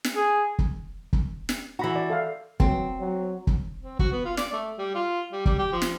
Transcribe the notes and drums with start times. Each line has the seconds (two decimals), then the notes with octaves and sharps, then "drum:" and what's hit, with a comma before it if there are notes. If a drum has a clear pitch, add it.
0.04 drum: snare
0.16 G#4
0.59 drum: kick
1.13 drum: kick
1.49 drum: snare
1.79 E3 F#4 A#5 B5
1.96 D5
2.10 A4 E5 F5
2.60 F#3 C4, drum: kick
3.00 F#3
3.47 drum: kick
3.83 C4
3.99 F#4, drum: kick
4.12 B3
4.25 F4
4.37 D5, drum: snare
4.53 A3
4.78 G3
4.95 F4
5.32 G3
5.45 G3, drum: kick
5.59 G4
5.72 F3
5.82 drum: snare